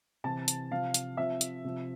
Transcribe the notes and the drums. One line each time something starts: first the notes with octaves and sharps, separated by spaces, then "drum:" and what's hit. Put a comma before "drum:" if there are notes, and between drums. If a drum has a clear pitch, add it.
C3 E3 A5
drum: hi-hat
C3 F3 F5
drum: hi-hat
C3 F3 E5
drum: hi-hat
C3 F3